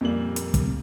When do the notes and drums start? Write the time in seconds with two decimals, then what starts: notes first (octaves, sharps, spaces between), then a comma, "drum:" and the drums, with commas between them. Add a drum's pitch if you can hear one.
0.01 F2 A#2 G3 A#3 F#7
0.36 drum: hi-hat
0.54 drum: kick, hi-hat